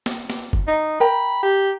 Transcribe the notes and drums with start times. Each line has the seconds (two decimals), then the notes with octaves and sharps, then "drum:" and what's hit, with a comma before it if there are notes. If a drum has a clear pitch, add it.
0.06 drum: snare
0.30 drum: snare
0.53 drum: kick F#1
0.68 D#4
1.00 A#4 G5 A#5 B5
1.43 G4